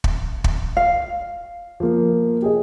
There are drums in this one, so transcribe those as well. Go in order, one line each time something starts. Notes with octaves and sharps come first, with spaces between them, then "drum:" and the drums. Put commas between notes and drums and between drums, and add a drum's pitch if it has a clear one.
drum: kick
drum: kick
F5
F3 A#3
G4 G#4 D#5